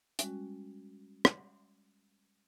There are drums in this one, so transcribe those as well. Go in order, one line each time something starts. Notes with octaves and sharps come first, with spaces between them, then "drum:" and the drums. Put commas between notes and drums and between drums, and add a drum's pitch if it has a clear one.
G3 G#3 C#4 F#4, drum: hi-hat
drum: rim click